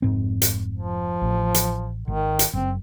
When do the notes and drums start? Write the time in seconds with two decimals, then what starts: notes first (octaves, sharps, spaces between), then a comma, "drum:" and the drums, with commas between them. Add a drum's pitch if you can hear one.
0.02 F1 G#2 C4
0.42 drum: hi-hat
0.76 F3
1.22 A1
1.54 drum: hi-hat
2.07 G#1 D#3
2.39 drum: hi-hat
2.53 F#1 C4